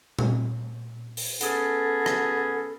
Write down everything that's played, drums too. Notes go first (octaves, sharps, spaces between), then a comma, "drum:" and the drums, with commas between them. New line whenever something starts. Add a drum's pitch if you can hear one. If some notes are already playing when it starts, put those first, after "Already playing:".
drum: tom A#2
drum: open hi-hat
B3 C#4 G#4 A4, drum: hi-hat
drum: rim click